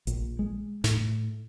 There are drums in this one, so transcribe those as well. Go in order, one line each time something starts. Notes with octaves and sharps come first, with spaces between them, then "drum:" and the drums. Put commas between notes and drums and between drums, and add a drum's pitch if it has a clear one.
A#1, drum: hi-hat
G#3
A2, drum: snare